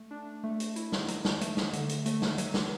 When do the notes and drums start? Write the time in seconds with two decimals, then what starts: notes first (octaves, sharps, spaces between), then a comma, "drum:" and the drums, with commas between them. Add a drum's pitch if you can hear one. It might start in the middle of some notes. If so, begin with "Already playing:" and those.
Already playing: A3
0.11 D4
0.44 A3
0.60 drum: hi-hat
0.76 E4, drum: hi-hat
0.92 drum: snare
1.08 F#3, drum: hi-hat
1.25 drum: snare
1.41 A3, drum: hi-hat
1.57 drum: snare
1.73 D3, drum: hi-hat
1.89 drum: hi-hat
2.06 A3, drum: hi-hat
2.22 drum: snare
2.38 F#3, drum: hi-hat
2.54 drum: snare